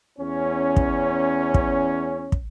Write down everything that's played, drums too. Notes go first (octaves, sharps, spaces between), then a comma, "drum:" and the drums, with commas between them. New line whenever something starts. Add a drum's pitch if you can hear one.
E2 C#4
drum: kick
drum: kick
drum: kick